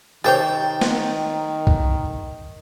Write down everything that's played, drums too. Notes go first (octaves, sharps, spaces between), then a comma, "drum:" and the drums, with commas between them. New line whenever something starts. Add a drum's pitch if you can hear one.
D#3 G4 C5 C#5 G5 A5
drum: snare
drum: kick B1